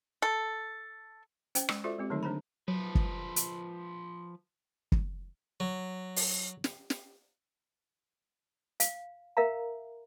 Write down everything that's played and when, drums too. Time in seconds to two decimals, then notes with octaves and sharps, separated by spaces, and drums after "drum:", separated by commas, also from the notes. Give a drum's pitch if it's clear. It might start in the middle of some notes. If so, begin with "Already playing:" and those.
0.22 A4
1.55 C#4 C5 G5, drum: hi-hat
1.69 G#3, drum: rim click
1.84 F4 F#4 A4 C5 D5 E5
1.98 G#3 C4 G4
2.10 D3 D#3 F#3 A3 D#4
2.23 D3 D4 C5 A#5 B5
2.68 F3 F#3 B4
2.95 drum: kick
3.36 drum: hi-hat
4.92 drum: kick
5.60 F#3
6.16 drum: open hi-hat
6.64 drum: snare
6.90 drum: snare
8.80 F5, drum: hi-hat
9.37 A#4 E5 F5 A#5